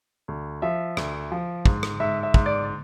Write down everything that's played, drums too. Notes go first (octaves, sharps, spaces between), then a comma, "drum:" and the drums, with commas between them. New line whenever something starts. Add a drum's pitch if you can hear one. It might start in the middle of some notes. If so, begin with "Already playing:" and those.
D2
F3 E5
D2, drum: rim click
F3
G#2, drum: kick
drum: rim click
G#2 E5
E5
G#2, drum: kick
D5